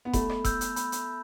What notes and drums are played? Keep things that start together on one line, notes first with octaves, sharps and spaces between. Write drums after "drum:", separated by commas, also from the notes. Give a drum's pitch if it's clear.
B3
A3 B5, drum: kick F1, hi-hat
drum: rim click
E6 G6, drum: kick F1, hi-hat
drum: hi-hat
B5, drum: hi-hat
drum: hi-hat